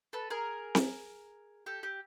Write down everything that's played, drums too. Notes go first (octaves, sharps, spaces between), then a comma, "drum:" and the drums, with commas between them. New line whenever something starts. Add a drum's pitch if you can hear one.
A4 B4
G#4 A#4
drum: snare C4
G4 A4
G4